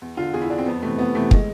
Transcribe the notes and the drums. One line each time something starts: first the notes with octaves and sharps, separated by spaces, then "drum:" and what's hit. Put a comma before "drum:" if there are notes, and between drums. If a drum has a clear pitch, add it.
E2
D3 F4
E2 G#4
E4
D3 D4
C4
F2 B3
C3 E3 A3
F2 B3
C3 E3 A3
G#3, drum: kick